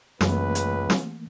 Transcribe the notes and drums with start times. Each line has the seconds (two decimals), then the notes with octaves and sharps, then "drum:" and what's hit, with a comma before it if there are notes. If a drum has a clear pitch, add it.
0.21 C#2 F#2 E3 A3 A#3 B4, drum: snare
0.55 drum: hi-hat
0.90 drum: snare